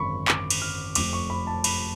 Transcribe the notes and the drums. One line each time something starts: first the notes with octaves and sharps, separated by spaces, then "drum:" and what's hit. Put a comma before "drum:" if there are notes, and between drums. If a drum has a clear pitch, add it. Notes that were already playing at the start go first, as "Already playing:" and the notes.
Already playing: G#1 F#2 D3 B5 C#6
D6, drum: clap
drum: cymbal
F6
F1 F2 F3 D6, drum: cymbal
C#6
B5
A5
B5, drum: cymbal